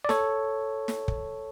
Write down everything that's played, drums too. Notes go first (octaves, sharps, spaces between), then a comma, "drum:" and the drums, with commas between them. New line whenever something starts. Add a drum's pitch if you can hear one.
D5
A4 C#5, drum: snare
drum: snare
drum: kick